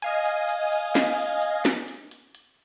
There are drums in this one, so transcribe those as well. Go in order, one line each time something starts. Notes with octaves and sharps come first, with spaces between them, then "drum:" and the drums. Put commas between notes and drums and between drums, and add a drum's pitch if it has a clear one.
D#5 F5 G#5, drum: hi-hat
drum: hi-hat
drum: hi-hat
drum: hi-hat
drum: snare
drum: hi-hat
drum: hi-hat
drum: snare
drum: hi-hat
drum: hi-hat
drum: hi-hat